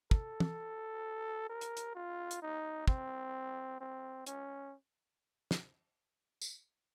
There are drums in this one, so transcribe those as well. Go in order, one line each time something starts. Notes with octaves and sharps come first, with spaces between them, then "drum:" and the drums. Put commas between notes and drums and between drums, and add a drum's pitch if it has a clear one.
A4, drum: kick
drum: tom
A#4
drum: hi-hat
drum: hi-hat
F4
drum: hi-hat
D#4
C4, drum: kick
C4
C#4, drum: hi-hat
drum: snare
drum: tambourine